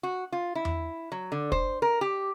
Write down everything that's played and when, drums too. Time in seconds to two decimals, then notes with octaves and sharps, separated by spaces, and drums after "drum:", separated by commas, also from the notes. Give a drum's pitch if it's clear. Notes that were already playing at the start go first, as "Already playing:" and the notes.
0.03 F#4
0.32 F4
0.55 E4
0.65 drum: tom E2
1.12 F#3
1.32 D3
1.52 C5, drum: kick
1.82 A#4
2.01 G4